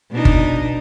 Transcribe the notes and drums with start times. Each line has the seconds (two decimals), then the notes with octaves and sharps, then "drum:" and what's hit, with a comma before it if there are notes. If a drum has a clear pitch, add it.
0.11 B2 D4 D#4
0.25 drum: kick G1